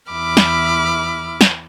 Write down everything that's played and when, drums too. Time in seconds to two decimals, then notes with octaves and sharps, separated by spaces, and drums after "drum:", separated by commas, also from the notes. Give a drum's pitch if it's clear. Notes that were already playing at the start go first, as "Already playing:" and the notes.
0.11 E2 E4 E5 B5 D6 F6
0.37 drum: snare
1.41 drum: snare